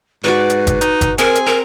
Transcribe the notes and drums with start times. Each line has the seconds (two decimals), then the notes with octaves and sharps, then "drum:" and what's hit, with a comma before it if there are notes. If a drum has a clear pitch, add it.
0.24 G#2 F#4 B4 D5 C#6
0.50 drum: hi-hat
0.67 drum: kick G1, hi-hat
0.81 D#4, drum: hi-hat
1.01 drum: kick G1, hi-hat
1.18 C4 G#4 A#4, drum: hi-hat
1.35 drum: hi-hat
1.46 A#4 A#5